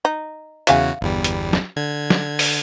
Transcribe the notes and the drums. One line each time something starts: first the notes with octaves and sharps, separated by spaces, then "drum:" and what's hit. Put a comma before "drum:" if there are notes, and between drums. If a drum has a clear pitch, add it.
D#4
E2 C#3 F#4 E5 F5 G#5, drum: hi-hat
G1 E2 G3
drum: hi-hat
drum: snare
D3 G#6
drum: snare
drum: open hi-hat